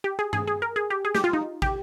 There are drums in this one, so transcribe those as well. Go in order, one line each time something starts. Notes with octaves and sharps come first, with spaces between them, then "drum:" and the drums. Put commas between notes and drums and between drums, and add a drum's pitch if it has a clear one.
G4
G#4
G#4, drum: tom G2
G#4
A#4
G#4
G4
G#4
G4, drum: snare
F4
D#4
G4, drum: kick